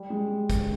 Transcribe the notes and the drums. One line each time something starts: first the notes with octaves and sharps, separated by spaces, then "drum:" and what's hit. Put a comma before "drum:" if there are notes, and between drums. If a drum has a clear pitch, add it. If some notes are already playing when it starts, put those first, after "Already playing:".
Already playing: G3
G#3
drum: kick, hi-hat